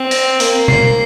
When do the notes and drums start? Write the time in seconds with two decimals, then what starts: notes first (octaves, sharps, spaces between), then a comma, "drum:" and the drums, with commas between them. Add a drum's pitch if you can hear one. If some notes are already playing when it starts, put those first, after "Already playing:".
Already playing: C4
0.11 A#6, drum: open hi-hat
0.40 A#3, drum: open hi-hat
0.68 C7, drum: tom B2